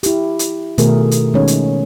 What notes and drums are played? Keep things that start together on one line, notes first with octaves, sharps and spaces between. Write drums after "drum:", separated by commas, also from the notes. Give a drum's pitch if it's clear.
E4 G4, drum: hi-hat
drum: hi-hat
B2 D#3 A3 G#4 A#4, drum: hi-hat
drum: hi-hat
D#3 G#3 B3 C#4 D#4 C#5
drum: hi-hat